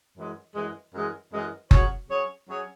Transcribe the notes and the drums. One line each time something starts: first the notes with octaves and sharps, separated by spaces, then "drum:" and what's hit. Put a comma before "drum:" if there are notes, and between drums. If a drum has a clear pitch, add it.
F#2 E3 G#3
F#2 E3 G#3
F#2 E3 G#3
F#2 E3 G#3
F#3 C#4 G#4 C#5, drum: kick F#1
F#3 C#4 G#4 C#5
F#3 C#4 G#4 C#5